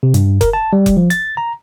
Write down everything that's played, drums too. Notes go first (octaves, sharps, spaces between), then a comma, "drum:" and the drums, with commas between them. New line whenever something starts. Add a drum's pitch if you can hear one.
C3
G2, drum: hi-hat
A#4, drum: kick F1, hi-hat
A5
G3
drum: kick F1, hi-hat
F3
A6, drum: hi-hat
A#5